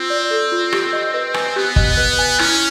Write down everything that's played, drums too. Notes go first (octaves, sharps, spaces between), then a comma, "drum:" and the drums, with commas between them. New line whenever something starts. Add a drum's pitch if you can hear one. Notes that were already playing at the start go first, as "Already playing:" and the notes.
Already playing: C4 F4
D5
A4
F4
G4, drum: rim click
D#5
B4
G#5, drum: rim click
B3 G4
D#5, drum: kick
B4
G#5
C#4 E4, drum: rim click